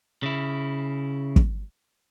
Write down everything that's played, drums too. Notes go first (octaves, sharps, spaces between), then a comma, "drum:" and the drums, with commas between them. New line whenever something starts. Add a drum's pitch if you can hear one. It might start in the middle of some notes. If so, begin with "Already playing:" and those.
C#3 E4
drum: kick